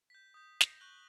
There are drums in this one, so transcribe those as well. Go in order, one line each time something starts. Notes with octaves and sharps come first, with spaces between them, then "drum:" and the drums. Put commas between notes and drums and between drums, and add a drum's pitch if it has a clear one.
G6 B6
D#6 G6
A#6, drum: snare
C#6 F#6 G6 F#7 G7